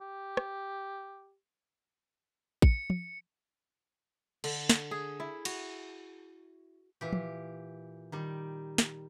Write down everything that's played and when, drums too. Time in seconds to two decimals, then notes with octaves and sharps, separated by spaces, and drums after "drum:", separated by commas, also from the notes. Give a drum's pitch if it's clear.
0.01 G4
0.37 drum: rim click
2.62 C#7, drum: kick
2.90 drum: tom
4.44 D3, drum: cymbal
4.69 drum: snare
4.91 G#4
5.20 E4
5.45 F#4, drum: cymbal
7.01 A#2 E3 G4
7.13 drum: tom
8.12 D#3 G3
8.78 drum: snare